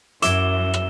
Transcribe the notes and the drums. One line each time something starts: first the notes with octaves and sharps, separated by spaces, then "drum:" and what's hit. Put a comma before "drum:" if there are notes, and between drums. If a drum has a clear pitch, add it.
F#2 E4 D6 E6 E7 G7, drum: hi-hat
drum: rim click